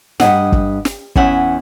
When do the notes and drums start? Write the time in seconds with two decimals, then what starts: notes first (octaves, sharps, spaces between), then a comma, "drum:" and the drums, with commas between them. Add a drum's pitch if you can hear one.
0.20 G2 D#3 D#5 F#5, drum: snare
0.52 drum: kick
0.85 drum: snare
1.16 E2 C#4 E5 F#5, drum: kick